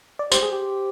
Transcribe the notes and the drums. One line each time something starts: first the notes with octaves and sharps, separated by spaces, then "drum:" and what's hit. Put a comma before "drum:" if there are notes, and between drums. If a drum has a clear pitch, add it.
D5
G4 C5, drum: tambourine
G#4
G4